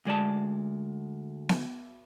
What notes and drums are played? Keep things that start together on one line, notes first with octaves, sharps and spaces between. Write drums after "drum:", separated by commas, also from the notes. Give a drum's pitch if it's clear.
D2 G#3 D5 A5
drum: snare B3